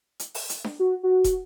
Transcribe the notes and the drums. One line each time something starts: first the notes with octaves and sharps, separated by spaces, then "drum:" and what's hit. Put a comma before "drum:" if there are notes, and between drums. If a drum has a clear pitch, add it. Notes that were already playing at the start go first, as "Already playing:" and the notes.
drum: hi-hat
drum: open hi-hat
drum: hi-hat
drum: snare D4
F#4
F#4
drum: kick, hi-hat